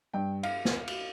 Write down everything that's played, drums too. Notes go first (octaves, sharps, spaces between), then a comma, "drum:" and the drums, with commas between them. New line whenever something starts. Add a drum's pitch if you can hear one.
G2 G5
F5, drum: cymbal
drum: snare
drum: cymbal